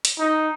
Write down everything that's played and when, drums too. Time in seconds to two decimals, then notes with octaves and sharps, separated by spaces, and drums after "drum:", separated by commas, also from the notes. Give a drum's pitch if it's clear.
0.05 drum: hi-hat
0.19 D#4